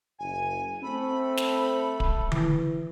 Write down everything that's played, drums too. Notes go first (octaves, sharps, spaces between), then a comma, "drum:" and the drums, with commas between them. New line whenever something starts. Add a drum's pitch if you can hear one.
F#1 G#5
A3 C4 A4 B5
drum: snare
drum: kick D1
E3, drum: tom D3